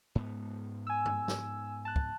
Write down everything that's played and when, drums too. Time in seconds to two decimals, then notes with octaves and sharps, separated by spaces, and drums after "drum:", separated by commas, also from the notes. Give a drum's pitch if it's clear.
0.15 G#2 B3
0.87 G#5 E6
1.06 drum: tom G2
1.28 drum: snare
1.85 A5 F#6
1.96 drum: kick